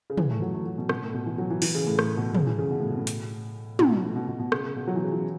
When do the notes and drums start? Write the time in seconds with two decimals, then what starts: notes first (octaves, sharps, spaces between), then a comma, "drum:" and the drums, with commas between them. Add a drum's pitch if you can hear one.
0.10 C#3
0.18 E3, drum: tom
0.30 A3
0.42 F#3
0.54 A3
0.66 F#3
0.78 B2
0.89 B2, drum: rim click
1.02 A2
1.14 B2
1.26 E3
1.38 F#3
1.50 E3
1.62 E3, drum: open hi-hat
1.75 C#3
1.87 A2
1.99 A2, drum: rim click
2.17 B2
2.35 C#3, drum: tom
2.47 E3
2.59 C#3
2.70 B2
2.80 A2
2.89 B2
2.98 A2
3.07 drum: hi-hat
3.79 B2, drum: tom
4.04 A2
4.16 B2
4.28 B2
4.39 B2
4.52 C#3, drum: rim click
4.64 C#3
4.76 B2
4.87 F#3
4.95 E3
5.04 C#3
5.12 E3